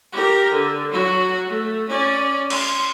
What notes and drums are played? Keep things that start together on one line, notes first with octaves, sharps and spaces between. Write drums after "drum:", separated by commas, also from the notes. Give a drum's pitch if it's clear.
G4 A#4
D3
F#3 F#4
A3
C#4 D5
C6, drum: cymbal